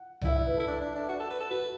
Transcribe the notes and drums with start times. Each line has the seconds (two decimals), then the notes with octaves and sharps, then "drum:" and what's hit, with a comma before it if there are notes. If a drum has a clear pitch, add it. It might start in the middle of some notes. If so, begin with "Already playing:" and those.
Already playing: F#5
0.22 D5, drum: tom C2
0.25 E4 E5
0.36 E5
0.46 B4
0.57 E4 A4
0.67 D4
0.81 D4
0.95 D4
1.09 F#4
1.20 A4
1.30 B4
1.40 A4
1.51 F#4 B4